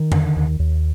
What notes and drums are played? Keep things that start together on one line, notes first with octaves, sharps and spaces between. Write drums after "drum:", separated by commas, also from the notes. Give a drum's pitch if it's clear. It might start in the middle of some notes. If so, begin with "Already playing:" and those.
Already playing: D#3
D3, drum: tom E2
D#2
D#2